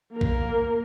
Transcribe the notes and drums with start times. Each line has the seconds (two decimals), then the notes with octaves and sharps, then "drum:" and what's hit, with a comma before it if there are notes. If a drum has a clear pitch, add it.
0.12 A#3 A#4
0.21 drum: kick A#1